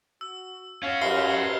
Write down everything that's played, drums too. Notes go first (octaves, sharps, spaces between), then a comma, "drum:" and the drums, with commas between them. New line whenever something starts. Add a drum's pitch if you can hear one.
F#4 E6
C#4 F#4 C#5 F5
F6 C7 G7, drum: cymbal
B4